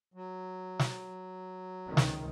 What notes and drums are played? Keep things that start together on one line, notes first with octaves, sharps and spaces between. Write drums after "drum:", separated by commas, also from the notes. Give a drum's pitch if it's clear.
F#3
drum: snare
C#2 C3 D#3
drum: snare